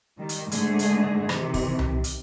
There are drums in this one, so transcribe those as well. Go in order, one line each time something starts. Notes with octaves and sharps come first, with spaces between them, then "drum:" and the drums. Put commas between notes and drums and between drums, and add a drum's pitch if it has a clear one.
D#3 G3
drum: hi-hat
G#2 D3 A3 G#4, drum: hi-hat
drum: hi-hat
C3 D#3 E3, drum: rim click
drum: kick, open hi-hat
drum: tom C2
drum: hi-hat